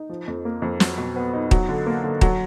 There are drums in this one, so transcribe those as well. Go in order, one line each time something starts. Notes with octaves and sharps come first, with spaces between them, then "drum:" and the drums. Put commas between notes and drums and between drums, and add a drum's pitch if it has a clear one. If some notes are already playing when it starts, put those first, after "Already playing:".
Already playing: D#4
F3
F2
A#3
F2
F#3, drum: snare
B2
B3
D#4
F#3, drum: kick
D3
A#3
D3
F#3, drum: kick